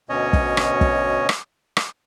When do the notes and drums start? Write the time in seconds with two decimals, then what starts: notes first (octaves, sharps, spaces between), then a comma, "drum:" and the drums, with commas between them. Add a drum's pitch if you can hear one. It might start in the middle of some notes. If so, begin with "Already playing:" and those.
0.09 D2 B2 C#4 C#5 D#5
0.33 drum: kick
0.57 drum: rim click
0.81 drum: kick
1.29 drum: rim click
1.77 drum: rim click